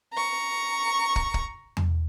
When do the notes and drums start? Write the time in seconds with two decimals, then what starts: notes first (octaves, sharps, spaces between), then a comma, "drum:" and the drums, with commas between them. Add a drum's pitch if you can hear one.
0.14 A#5 C#6
1.16 drum: kick
1.34 drum: kick
1.77 drum: tom E2